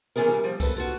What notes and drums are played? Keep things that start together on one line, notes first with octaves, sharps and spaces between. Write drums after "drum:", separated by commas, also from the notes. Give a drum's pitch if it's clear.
E3 C#4 F4 G#4 A#4
G3
F3 G3
A4 B4, drum: kick C2, tambourine
F4 F#4